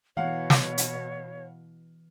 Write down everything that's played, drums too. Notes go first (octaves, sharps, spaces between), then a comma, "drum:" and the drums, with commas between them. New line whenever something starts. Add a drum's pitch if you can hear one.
B2 E3 C#5 F5 F#5
drum: snare
drum: hi-hat